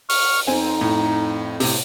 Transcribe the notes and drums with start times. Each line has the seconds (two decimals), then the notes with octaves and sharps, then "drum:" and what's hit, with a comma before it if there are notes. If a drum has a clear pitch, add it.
0.09 C#6 F6, drum: open hi-hat
0.47 F2 C4 D#4 G#5
0.81 A2
1.60 A2 C3, drum: open hi-hat